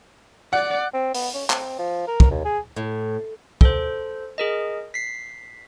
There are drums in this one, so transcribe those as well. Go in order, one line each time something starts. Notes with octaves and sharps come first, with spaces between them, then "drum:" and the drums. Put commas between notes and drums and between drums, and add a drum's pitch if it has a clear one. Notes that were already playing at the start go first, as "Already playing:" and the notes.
D5 F#5
C4
B3, drum: open hi-hat
C#4
C4, drum: clap
F3
A#4
drum: kick
D#2
G#4
A2
A4 C5, drum: kick
G#4 A#4 D#5
B6 C7